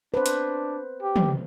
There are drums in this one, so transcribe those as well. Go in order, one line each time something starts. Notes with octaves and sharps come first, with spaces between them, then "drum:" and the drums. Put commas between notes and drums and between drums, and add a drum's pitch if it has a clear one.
D4 B4 C5
drum: hi-hat
G4
drum: tom